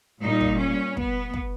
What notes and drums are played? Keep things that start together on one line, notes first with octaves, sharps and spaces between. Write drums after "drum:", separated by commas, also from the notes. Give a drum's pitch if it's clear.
A#2 G3 D#4
drum: kick
C#4
B3, drum: kick
drum: kick